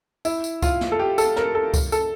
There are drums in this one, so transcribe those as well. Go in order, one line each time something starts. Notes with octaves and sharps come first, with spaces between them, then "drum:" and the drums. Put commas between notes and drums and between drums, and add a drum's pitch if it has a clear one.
E4, drum: tambourine
drum: tambourine
F4, drum: kick C#2, tambourine
drum: snare
A4
G4
A4, drum: tambourine
A#4, drum: snare
A4
drum: kick C#2, tambourine
A4, drum: tambourine